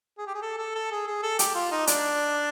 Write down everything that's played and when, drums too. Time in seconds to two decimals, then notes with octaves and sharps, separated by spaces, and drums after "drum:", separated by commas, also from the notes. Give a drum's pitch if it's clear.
0.18 G#4
0.27 G4
0.35 G#4
0.42 A4
0.58 A4
0.75 A4
0.91 G#4
1.07 G#4
1.23 A4
1.39 G4, drum: hi-hat
1.55 F4
1.71 D#4
1.87 D4, drum: hi-hat